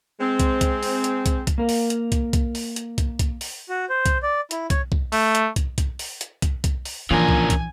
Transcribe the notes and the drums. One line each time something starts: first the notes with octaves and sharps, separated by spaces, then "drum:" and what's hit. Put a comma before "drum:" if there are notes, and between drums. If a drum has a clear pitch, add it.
G#3 C4
drum: kick, hi-hat
drum: kick, hi-hat
drum: open hi-hat
drum: hi-hat
drum: kick, hi-hat
drum: kick, hi-hat
A#3 A#4
drum: open hi-hat
drum: hi-hat
drum: kick, hi-hat
drum: kick, hi-hat
drum: open hi-hat
drum: hi-hat
drum: kick, hi-hat
drum: kick, hi-hat
drum: open hi-hat
F#4
C5
drum: kick, hi-hat
D5
E4, drum: hi-hat
C#5, drum: kick, hi-hat
drum: kick
A3, drum: open hi-hat
drum: hi-hat
drum: kick, hi-hat
drum: kick, hi-hat
drum: open hi-hat
drum: hi-hat
drum: kick, hi-hat
drum: kick, hi-hat
drum: open hi-hat
A#2 C#3 E3 F3 D4 A#4 G#5
drum: kick
drum: kick, hi-hat